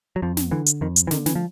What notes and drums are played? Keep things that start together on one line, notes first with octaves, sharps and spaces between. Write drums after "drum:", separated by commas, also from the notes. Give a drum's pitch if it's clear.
F#3
F2 F3
drum: snare
D3 E3
drum: hi-hat
F2 D#3
drum: hi-hat
E3
D3 D#3, drum: snare
E3, drum: snare
F3